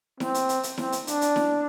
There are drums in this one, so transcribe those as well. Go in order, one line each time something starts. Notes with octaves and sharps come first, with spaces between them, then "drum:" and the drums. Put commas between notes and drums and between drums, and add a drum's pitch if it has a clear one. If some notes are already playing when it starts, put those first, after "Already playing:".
C4, drum: snare E4
drum: hi-hat
drum: hi-hat
drum: hi-hat
C4, drum: snare E4
drum: hi-hat
D4, drum: hi-hat
drum: hi-hat
drum: snare E4